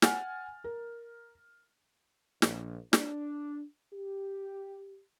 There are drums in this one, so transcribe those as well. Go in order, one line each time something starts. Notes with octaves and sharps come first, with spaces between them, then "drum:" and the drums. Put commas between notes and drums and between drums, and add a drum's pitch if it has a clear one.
F#5 G#5 F6 A6, drum: snare
A#4
A#1, drum: snare
D4, drum: snare
G4